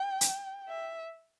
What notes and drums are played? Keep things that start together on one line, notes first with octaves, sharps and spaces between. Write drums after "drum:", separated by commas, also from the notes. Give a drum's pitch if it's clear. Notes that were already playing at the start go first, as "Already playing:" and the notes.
Already playing: G5
drum: hi-hat
E5